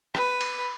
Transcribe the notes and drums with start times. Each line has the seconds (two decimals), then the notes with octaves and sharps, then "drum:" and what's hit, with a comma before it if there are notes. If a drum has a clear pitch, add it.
0.15 B4, drum: rim click
0.41 drum: cymbal